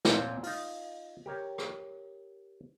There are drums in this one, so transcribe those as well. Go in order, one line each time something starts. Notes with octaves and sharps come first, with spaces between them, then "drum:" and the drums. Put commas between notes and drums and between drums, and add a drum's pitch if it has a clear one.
A#2 C4 C#5 F#5 A5, drum: snare
D#4 F4, drum: open hi-hat
G4 A#4 C#5
drum: rim click